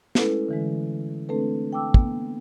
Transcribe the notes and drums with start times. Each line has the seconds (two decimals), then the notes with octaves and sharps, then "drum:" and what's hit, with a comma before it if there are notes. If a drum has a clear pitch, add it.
0.15 G#3 A3 C#4 E4 A4 B4, drum: snare
0.49 D3 E3 G#3
1.29 A3 C4 D4 A4 B4
1.73 G5 A5 D6 E6
1.94 A#3 B3, drum: kick